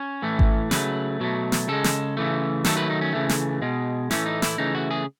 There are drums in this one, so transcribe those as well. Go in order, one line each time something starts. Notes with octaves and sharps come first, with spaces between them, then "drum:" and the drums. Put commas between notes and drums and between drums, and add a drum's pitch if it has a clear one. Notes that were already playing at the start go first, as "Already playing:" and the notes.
Already playing: C#4
A2 E3 A3
drum: kick G#1
C#3 F#3 A3 B4, drum: snare
B2 F#3 A3
drum: snare
C#3 G#3 A4
drum: snare
C#3 E3 A3
D#3 F#3 A3 A4, drum: snare
B4
D#4
C#4
C#3 E3 A3
drum: snare
B2 G#3
A2 E3 A3 C#4, drum: snare
D#4
E4, drum: snare
C#3 E3 A3 D#4
F#4
G#4